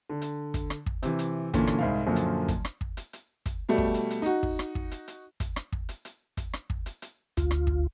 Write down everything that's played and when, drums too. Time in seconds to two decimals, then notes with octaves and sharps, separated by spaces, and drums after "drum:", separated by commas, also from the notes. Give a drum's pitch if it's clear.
0.09 D3
0.22 drum: hi-hat
0.54 drum: kick, hi-hat
0.70 drum: rim click
0.86 drum: kick
1.03 C3 E3, drum: hi-hat
1.19 drum: hi-hat
1.54 A#2 D3 E3 C#4, drum: kick, hi-hat
1.67 drum: rim click
1.79 C2 G#2 F5
2.06 F#2 A#2 D3 F3 F#3
2.16 drum: hi-hat
2.48 drum: kick, hi-hat
2.65 drum: rim click
2.81 drum: kick
2.97 drum: hi-hat
3.13 drum: hi-hat
3.46 drum: kick, hi-hat
3.69 B2 G3 A3
3.78 drum: kick
3.94 drum: hi-hat
4.10 drum: hi-hat
4.22 D#4 F#4
4.43 drum: kick
4.59 drum: rim click
4.75 drum: kick
4.91 drum: hi-hat
5.08 drum: hi-hat
5.40 drum: kick, hi-hat
5.56 drum: rim click
5.72 drum: kick
5.89 drum: hi-hat
6.05 drum: hi-hat
6.37 drum: kick, hi-hat
6.53 drum: rim click
6.70 drum: kick
6.86 drum: hi-hat
7.02 drum: hi-hat
7.37 D2 F4, drum: kick, hi-hat
7.51 drum: rim click
7.67 drum: kick